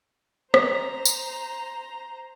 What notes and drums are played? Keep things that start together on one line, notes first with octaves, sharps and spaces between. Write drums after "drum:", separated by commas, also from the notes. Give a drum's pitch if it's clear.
C5 A#5, drum: rim click
drum: tambourine